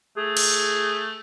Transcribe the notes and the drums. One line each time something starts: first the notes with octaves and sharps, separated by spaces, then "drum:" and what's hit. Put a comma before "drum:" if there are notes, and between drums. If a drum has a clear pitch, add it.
A3 G#4
drum: cymbal